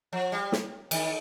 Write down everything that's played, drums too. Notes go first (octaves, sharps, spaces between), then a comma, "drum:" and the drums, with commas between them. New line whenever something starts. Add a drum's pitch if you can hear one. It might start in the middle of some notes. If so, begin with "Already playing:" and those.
F3
G3
drum: snare
D#3, drum: cymbal